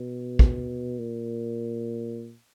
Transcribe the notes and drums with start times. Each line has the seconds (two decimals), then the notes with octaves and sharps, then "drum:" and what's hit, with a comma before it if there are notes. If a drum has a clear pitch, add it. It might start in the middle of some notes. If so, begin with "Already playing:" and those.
Already playing: B2
0.39 drum: kick
0.99 A#2